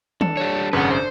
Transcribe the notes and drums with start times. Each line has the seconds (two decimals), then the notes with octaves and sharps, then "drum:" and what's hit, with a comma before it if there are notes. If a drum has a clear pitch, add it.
0.21 D4 A4, drum: tom D#3
0.37 G3 C#5
0.73 G#1 F#2 C#3 B4 F#5
0.90 C5